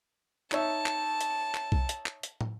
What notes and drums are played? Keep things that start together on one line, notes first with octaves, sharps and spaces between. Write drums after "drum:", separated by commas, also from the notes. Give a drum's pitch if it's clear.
D#4 C#5 E5 A5, drum: clap
drum: clap
drum: hi-hat
drum: clap
drum: kick B1
drum: hi-hat
drum: clap
drum: hi-hat
drum: tom